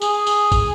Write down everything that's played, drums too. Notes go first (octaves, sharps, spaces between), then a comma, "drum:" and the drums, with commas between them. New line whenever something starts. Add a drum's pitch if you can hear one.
G#4, drum: tambourine
drum: tambourine
drum: kick, tambourine